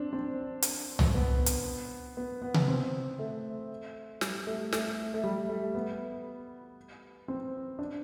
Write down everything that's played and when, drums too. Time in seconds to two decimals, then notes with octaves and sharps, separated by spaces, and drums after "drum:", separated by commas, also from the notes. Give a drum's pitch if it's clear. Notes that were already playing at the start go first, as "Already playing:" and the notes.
Already playing: C4 D4
0.13 C4
0.62 drum: hi-hat
0.99 drum: tom C2
1.14 B3
1.46 drum: hi-hat
2.17 B3
2.42 B3
2.54 drum: tom C3
2.68 C4
3.19 A3
4.21 G3, drum: snare
4.47 A3
4.72 A3, drum: snare
5.14 A3
5.24 G3
5.49 A3
5.75 B3
7.28 C4
7.79 D4